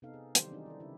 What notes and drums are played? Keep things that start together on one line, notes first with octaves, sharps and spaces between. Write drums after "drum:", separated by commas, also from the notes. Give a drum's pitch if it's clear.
C3 B3 C4 D#4 A4 F5
G#4
D#3 E3 F#3 G3 G4 C5, drum: hi-hat
E3 C4 D4 D#4 G#4 D5
E4 G4 A4
C#3 C#4 E4 G4